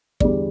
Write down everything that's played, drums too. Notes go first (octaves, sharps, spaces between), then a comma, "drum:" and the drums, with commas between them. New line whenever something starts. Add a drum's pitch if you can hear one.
E2 D3 G3 D5, drum: kick